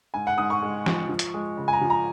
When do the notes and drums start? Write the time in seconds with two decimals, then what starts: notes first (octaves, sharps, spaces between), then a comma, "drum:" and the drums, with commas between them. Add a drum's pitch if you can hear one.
0.14 G#2 G#5
0.27 F#5
0.38 G#2 D#6
0.50 C#6
0.62 G#3
0.86 F3, drum: snare
1.09 F3
1.19 drum: hi-hat
1.34 G#3
1.57 C#3
1.68 G#5
1.73 A#5
1.81 F3
1.90 A#5